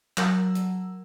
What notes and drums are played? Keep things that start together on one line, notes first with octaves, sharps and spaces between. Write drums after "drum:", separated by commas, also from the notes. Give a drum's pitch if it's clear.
F#3 A#4 F#5 A5 A#5 E6, drum: clap
drum: hi-hat